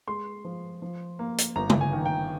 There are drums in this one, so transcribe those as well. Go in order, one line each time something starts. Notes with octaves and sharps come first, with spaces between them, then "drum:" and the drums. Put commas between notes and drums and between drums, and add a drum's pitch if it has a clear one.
G#3 C6
F3
F3
A#3
drum: hi-hat
G1 A#5
drum: tom C#3
G#5
D#3
G5